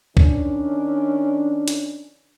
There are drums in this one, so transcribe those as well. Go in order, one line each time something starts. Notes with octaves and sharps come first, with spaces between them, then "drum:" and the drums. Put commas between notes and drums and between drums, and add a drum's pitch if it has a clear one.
D#3 C#4 D4, drum: kick
drum: hi-hat